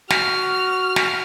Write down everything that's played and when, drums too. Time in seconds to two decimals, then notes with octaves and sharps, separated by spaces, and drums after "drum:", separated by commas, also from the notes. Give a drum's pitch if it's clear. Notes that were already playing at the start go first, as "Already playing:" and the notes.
0.10 F#4 F6, drum: snare
0.96 drum: snare